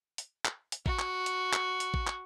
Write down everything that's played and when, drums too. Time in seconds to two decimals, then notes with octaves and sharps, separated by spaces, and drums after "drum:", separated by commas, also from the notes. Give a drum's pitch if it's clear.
0.18 drum: hi-hat
0.45 drum: clap
0.72 drum: hi-hat
0.86 F#4, drum: kick A1
0.99 drum: clap
1.26 drum: hi-hat
1.53 drum: clap
1.80 drum: hi-hat
1.94 drum: kick A1
2.07 drum: clap